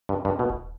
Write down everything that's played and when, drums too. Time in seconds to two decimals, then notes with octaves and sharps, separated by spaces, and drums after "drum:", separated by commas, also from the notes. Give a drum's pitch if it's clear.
0.09 G2
0.25 G2
0.39 B2
0.50 drum: kick D#1